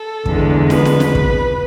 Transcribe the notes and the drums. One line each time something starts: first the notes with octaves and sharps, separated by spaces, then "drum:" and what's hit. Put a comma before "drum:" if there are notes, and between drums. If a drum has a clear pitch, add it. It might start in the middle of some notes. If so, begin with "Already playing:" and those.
Already playing: A4
E2 D3 G#3, drum: kick
B4, drum: snare
drum: snare
drum: snare
drum: kick